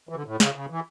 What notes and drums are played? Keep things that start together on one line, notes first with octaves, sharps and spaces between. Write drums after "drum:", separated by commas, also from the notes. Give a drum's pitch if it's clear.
E3
D3
A2
C#3, drum: snare
C#3
E3